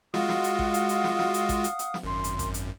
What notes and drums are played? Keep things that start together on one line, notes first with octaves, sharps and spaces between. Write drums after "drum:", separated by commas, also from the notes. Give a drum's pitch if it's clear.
G#3 F4 F#4 F5 F#5 D#6, drum: snare
drum: snare
drum: hi-hat
drum: kick A1
drum: hi-hat
drum: hi-hat
drum: snare
drum: snare
drum: hi-hat
drum: kick A1, hi-hat
drum: hi-hat
drum: hi-hat
drum: snare
G#1 F#2 C6
drum: hi-hat
drum: kick A1, hi-hat
drum: hi-hat